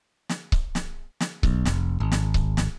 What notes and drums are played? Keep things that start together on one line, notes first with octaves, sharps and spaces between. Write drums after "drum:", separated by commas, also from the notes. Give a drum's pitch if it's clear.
drum: snare
drum: kick C#1
drum: snare
drum: snare
B1, drum: kick C#1
F1, drum: snare
G#1
drum: snare
drum: kick C#1
drum: snare